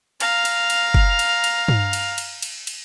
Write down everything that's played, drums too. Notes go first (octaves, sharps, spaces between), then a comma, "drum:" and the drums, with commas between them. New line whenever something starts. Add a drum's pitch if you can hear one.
F5 A#5, drum: cymbal
drum: cymbal
drum: cymbal
drum: kick F#1
drum: cymbal
drum: cymbal
drum: tom
drum: cymbal
drum: cymbal
drum: cymbal
drum: cymbal